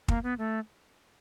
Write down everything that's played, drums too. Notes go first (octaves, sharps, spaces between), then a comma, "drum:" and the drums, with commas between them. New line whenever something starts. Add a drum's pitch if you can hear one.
A#3, drum: kick
B3
A3